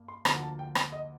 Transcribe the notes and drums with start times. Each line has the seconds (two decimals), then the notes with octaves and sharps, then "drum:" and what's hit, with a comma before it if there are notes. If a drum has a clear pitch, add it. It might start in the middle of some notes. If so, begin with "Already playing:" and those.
Already playing: G2 A#3
0.08 C6
0.25 D2 D3 F3 A#3 A#5, drum: rim click
0.43 A5
0.59 G5
0.75 G5, drum: rim click
0.92 D#5